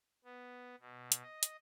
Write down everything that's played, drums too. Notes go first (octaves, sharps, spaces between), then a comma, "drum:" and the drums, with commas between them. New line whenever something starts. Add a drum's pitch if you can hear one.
B3
B2
drum: hi-hat
D#5
drum: hi-hat